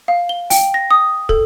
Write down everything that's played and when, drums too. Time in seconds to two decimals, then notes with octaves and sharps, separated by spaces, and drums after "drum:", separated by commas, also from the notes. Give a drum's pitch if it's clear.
0.08 F5
0.29 G7
0.50 G5, drum: open hi-hat
0.74 A#6
0.91 D#6
1.29 A4, drum: kick